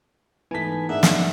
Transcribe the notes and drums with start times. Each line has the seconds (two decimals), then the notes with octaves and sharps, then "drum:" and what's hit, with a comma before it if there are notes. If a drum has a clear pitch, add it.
0.51 G#2 E3 A3 B3 G#5 A5 B6
0.89 G#2 G#3 D4 D#4 A#4 E5 F#5
1.03 drum: snare